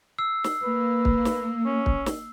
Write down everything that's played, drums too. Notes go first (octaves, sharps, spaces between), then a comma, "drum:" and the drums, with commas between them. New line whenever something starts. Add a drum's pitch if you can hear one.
E6 C7
drum: snare
A#3 B4
drum: kick
drum: snare
C#4
drum: kick
drum: snare